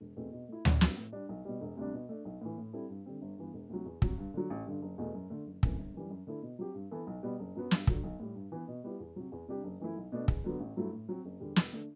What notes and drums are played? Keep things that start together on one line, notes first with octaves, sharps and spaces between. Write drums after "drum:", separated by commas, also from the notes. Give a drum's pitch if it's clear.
E1
E2 B2 A3 C4
B2
A3 E4
A1, drum: tom D2
G2 F#3 C4, drum: snare
A2
G3 D4
B1
B2 G3
E1
D2 C3 G3 D4
B2
A3 D4
B1
A2 E3
A2
G3 C4 E4 A4
G2
D3 G3 C4
G1
G2 E3 B3
E1
D2 C3 F#3
E2
C3 F#3, drum: kick
G2
D3 F#3
A1
G2 D3
F#1
E2 B2 A3
F#2
D3 A3
F#1
F#2 E3 A3 C4, drum: kick
G1
F#2 E3 G3
F#2
D3 A3 E4 A4
B2
F#3 C4 G4
G2
E3 B3 E4 A4
B1
B2 G3 B3
F#1
F#2 F#3 B3
G2, drum: snare
D3 F#3, drum: kick
B1
A2 G3
G2
E3 B3
B2
G3 B3 E4 G4
E2
C3 F#3
E2
C3 G3 D4 G4
F#1
F#2 E3 A3 E4
B1
B2 A3 D4
E2, drum: kick
D3 F#3 B3
A1
G2 F#3 A3 E4
A2
F#3 C4
F#1
E2 D3 G3
E1, drum: snare
D3 A3 D4